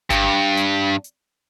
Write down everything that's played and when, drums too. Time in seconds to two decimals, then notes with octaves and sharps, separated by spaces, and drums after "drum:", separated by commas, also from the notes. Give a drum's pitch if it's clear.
0.10 G2, drum: kick G1, hi-hat
0.57 drum: hi-hat
1.04 drum: hi-hat